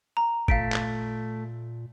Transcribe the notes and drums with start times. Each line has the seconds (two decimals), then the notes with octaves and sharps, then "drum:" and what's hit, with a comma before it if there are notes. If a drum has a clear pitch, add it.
0.17 A#5
0.48 A#2 A3 F5 B6 D7, drum: kick G1
0.72 drum: clap